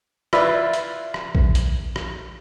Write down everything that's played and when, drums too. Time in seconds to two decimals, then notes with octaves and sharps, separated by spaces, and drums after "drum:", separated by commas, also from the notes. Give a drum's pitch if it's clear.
0.33 E4 F4 B4 D5 E5 B5, drum: rim click
0.74 drum: hi-hat
1.14 drum: rim click
1.35 drum: kick A#1
1.55 drum: hi-hat
1.96 drum: rim click